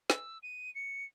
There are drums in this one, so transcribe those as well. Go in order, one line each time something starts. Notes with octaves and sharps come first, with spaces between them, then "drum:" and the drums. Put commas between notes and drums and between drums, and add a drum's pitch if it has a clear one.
E6, drum: snare
D#7
C#7